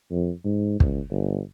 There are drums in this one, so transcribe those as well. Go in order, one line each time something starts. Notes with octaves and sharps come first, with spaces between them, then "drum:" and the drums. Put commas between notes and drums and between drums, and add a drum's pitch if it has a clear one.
F2
G#2
C#2, drum: kick
G1